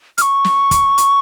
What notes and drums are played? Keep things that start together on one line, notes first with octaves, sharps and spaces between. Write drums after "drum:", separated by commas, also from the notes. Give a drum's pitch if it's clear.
F6, drum: hi-hat
C#6
drum: snare
drum: kick, hi-hat
drum: hi-hat